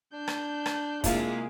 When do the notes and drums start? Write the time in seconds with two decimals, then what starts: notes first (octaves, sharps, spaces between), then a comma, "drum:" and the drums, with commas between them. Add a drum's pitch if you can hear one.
0.13 D4 G6
0.28 drum: rim click
0.66 drum: rim click
1.04 C3 G#3 A#3 E4 F4 G4 G#4, drum: kick, hi-hat